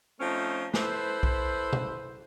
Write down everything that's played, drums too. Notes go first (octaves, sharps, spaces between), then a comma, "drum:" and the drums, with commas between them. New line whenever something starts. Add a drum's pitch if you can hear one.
F3 A3 C4 C#4 D#4
E4 A4 B4 C5, drum: snare
drum: kick B1
drum: tom B2